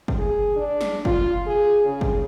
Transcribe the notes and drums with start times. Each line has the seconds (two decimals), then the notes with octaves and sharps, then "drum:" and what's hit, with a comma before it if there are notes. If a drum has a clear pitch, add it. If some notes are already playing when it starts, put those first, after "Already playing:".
0.08 drum: kick
0.19 G#4
0.57 D4
0.81 drum: snare
1.05 F4, drum: kick
1.47 G#4
1.86 C#3
2.01 drum: kick